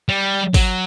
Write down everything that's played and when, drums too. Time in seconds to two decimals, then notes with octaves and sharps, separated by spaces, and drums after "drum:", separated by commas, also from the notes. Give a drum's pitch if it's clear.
0.09 G3
0.54 F#3, drum: kick, open hi-hat